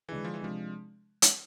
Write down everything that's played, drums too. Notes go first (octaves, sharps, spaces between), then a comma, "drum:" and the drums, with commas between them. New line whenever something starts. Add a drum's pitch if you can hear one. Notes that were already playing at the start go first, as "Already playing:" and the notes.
D3 E3 G#3 D4 G#4
F3
E3
C3 F3 G#3 D4 G#4
drum: hi-hat